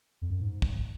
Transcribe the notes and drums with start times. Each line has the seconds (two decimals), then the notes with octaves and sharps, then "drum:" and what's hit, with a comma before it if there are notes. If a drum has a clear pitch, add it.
0.22 F2
0.31 F#2
0.40 G#2
0.62 drum: kick